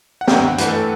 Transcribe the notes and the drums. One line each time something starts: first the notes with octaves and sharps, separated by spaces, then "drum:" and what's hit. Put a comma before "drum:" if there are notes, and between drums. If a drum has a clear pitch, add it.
F#5
G2 G5, drum: snare
F#5
E3 A3 B4, drum: hi-hat
A4